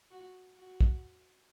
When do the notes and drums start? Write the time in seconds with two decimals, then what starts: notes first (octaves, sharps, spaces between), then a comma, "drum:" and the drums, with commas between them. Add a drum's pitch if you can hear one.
0.11 F#4
0.56 F#4
0.81 drum: kick